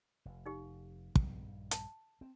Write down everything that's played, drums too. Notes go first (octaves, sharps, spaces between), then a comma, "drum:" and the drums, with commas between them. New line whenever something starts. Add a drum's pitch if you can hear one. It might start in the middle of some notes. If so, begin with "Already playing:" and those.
F1
D#4 G4
A#1 G2 D#3, drum: kick
A5, drum: hi-hat
C4